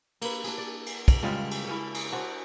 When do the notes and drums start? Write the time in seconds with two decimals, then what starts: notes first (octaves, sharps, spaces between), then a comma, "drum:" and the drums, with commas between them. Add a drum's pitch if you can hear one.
0.21 A#3 B4, drum: cymbal
0.44 D4 G#4, drum: cymbal
0.58 D5
0.86 drum: cymbal
1.08 drum: kick, cymbal
1.23 C#3 G3 G#3 F4
1.51 drum: cymbal
1.67 C#3 C#4 E4
1.94 drum: cymbal
2.12 D4 F#4 C5